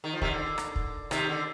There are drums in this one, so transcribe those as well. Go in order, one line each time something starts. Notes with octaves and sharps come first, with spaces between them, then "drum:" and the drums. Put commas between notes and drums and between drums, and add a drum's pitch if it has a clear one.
D#3
F3
C3 D#3, drum: kick
D3
drum: rim click
drum: kick
C3 D#3, drum: rim click
D3